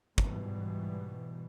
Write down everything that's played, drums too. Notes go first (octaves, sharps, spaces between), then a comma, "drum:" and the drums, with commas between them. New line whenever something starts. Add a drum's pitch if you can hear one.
G#2 B2 E3 G3, drum: kick